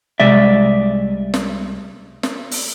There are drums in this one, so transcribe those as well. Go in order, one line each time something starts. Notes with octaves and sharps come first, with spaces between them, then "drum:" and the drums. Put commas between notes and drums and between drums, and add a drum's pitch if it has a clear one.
C2 C3 G#3 D5 E5
drum: snare
drum: snare
drum: open hi-hat